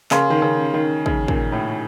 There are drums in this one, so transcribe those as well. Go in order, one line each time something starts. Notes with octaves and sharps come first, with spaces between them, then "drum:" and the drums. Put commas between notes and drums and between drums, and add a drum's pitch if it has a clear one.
C#3 A#4 F5 C6, drum: clap
D#3
C#3
D#3
C#3, drum: kick
A#2, drum: kick
A2